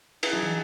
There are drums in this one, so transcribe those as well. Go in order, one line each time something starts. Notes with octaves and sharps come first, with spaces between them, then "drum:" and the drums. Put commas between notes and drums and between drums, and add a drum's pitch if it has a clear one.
D#4 E4 G#4 D#5 F#5 A5, drum: cymbal
F#3
E3